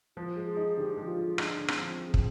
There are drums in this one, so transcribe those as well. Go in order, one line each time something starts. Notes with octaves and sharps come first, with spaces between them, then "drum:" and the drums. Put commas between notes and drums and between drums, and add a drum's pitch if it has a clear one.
F3 F4
G#3
G#4
D#4
D3 G4
F3
F4
G#3
D4 D#4, drum: rim click
D3
C4, drum: rim click
F3
G#3
drum: kick